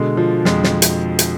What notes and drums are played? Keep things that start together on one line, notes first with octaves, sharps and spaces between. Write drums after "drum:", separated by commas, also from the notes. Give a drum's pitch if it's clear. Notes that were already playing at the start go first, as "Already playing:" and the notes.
Already playing: B2 D3 G#3
F3
F2 G#3, drum: snare
drum: snare
drum: hi-hat
drum: hi-hat